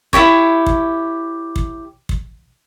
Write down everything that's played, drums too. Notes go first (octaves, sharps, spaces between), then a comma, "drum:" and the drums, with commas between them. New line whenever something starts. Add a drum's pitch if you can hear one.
E4 F#4 G4 C#5, drum: kick
drum: kick
drum: kick
drum: kick